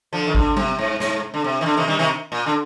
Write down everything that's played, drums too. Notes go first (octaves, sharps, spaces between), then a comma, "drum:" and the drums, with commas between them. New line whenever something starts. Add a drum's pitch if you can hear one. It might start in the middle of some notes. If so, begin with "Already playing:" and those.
D3 F3
D#3
D3, drum: kick G#1
C3, drum: tom F#3
G#2
G#2, drum: snare
D3
C3
D#3
D3
C3 D#3
D#3 G3
C3 D#3
A#2
D3